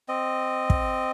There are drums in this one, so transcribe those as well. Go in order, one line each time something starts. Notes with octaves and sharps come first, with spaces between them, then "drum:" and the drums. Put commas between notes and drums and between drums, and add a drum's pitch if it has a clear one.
C4 D#5
drum: kick